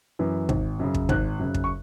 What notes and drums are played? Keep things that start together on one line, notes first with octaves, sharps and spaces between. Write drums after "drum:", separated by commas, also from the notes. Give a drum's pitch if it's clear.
F#2 E3
G#1, drum: kick
F#2 C#3
drum: kick
G#1 F#6, drum: kick
F#2 C#3
drum: kick
C#6